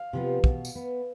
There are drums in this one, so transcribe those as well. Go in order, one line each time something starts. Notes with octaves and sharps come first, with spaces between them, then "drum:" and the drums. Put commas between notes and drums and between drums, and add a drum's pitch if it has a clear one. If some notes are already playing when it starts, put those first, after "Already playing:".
Already playing: F5
C3 F3 B3
B2, drum: kick
drum: tambourine
B3